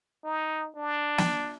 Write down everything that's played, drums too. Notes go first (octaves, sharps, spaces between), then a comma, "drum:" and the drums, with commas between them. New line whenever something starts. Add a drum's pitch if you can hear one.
D#4
D4
drum: snare